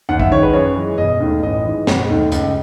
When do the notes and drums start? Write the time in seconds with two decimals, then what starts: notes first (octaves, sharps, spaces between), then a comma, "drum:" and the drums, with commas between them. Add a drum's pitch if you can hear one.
0.09 D#2 F#5
0.20 E5, drum: kick
0.31 D#3 G#3 C#5
0.43 B4
0.53 F#2 C#5
0.76 E3 G#3
0.98 E1 D#5
1.20 D#2 D#3 A3
1.43 A1 D#5
1.65 G#2 E3 G#3
1.87 E1, drum: snare
2.09 D#2 D#3 A3
2.32 C#2, drum: hi-hat